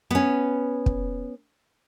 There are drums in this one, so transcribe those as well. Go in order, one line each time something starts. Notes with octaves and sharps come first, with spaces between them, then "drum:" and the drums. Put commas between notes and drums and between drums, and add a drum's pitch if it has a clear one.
B3 C#4
drum: kick